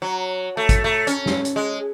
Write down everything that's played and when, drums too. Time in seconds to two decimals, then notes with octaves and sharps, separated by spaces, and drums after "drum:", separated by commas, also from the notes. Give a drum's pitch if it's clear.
0.02 F#3
0.57 A3
0.69 drum: kick G#1, hi-hat
0.84 A3
1.07 C#4, drum: hi-hat
1.26 drum: snare
1.45 drum: hi-hat
1.56 G#3